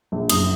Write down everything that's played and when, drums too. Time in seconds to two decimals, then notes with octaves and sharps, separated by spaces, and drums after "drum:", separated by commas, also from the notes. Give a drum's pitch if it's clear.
0.12 A#1
0.30 F#1 D#6, drum: cymbal